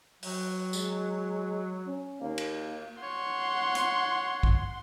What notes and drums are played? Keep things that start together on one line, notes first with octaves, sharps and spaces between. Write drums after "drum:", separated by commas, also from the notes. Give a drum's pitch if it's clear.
F#3, drum: open hi-hat
G#3, drum: tambourine
C#4
D#2 A#3
drum: cymbal
C#5 F#5 C6
drum: hi-hat
drum: kick